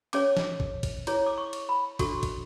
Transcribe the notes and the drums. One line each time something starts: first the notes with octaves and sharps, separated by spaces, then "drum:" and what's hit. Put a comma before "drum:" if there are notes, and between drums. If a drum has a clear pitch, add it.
C#4 G#4 C#5 D6, drum: cymbal
drum: snare
drum: kick
drum: kick, cymbal
E4 G#4 C#5, drum: cymbal
D6
C#6
drum: cymbal
B5
D4 F#4 A4 C#6, drum: kick, cymbal
drum: kick, cymbal